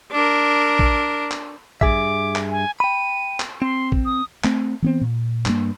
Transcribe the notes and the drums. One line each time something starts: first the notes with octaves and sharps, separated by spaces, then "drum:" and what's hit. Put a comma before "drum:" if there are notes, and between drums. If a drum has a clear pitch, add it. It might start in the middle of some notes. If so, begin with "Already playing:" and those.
D4 A#4
drum: kick
drum: clap
G2 G#4 E5 D6, drum: kick
drum: clap
G#5
G5 B5 D#7
drum: clap
C4 C6
drum: kick
D#6
A3 C4, drum: clap
E3 B3 C4
A#2
G2 A#3, drum: clap